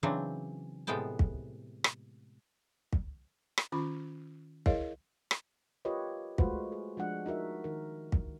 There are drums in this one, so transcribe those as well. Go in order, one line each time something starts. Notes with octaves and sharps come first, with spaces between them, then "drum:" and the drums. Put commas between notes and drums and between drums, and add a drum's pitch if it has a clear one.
C#3 E3 F#3 C4 D4
A2 C3 G#3 B3 G5 A5
drum: kick
drum: rim click
drum: kick
drum: rim click
D#3 C#4 F4 B5
E4 G#4 A#4 C#5 D#5 F5, drum: kick
drum: rim click
F4 G4 A#4 B4 C#5 D#5
G#3 A3 F4 F#4 B4 C5, drum: kick
G#4
F3 G#3 D4 F#5
D#4 F#4 A#4 E5
D#3 A#4
drum: kick